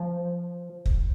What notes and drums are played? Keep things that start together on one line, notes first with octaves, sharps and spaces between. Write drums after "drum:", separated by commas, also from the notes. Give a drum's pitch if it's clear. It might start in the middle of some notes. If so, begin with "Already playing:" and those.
Already playing: F3
drum: kick